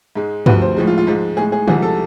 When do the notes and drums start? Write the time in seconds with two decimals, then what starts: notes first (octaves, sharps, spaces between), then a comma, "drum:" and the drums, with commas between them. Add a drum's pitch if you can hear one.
0.15 G#2 G#3
0.46 D2 C3 F3 B4, drum: tom G2
0.62 C5
0.77 A2 F3 G#3
0.87 F4
0.98 F4
1.07 G#2 F3 G#3
1.37 A2 G#3 G#4
1.52 G#4
1.68 C2 C3 F3 G#3 G#4, drum: tom D3
1.82 A4